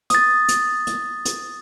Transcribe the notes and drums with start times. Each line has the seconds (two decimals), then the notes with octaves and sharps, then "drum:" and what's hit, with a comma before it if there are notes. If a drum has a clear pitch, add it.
0.10 D#6 A6, drum: hi-hat
0.49 drum: hi-hat
0.87 drum: hi-hat
1.25 drum: hi-hat